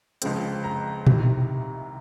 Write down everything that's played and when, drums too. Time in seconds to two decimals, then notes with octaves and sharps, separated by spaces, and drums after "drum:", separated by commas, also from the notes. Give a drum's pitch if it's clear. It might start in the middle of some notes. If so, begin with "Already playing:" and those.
0.22 C#2 C#3 F3 G#3 C4, drum: hi-hat
0.64 A#5
1.07 C2 C3 D#3, drum: tom A#2